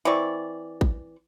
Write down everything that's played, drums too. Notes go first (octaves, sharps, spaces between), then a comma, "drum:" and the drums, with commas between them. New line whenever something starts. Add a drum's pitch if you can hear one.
E3 C4 D5 C#6
drum: kick